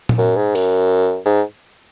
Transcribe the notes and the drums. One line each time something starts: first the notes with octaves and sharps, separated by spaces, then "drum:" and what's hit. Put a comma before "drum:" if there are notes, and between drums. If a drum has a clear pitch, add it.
drum: tom A#2
F#2
G#2
F#2, drum: open hi-hat
G#2